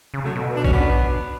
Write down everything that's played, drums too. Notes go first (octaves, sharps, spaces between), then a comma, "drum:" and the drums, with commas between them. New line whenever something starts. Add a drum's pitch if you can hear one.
C#3
F#3 A3
B2
D4
C#4, drum: kick
B3 D4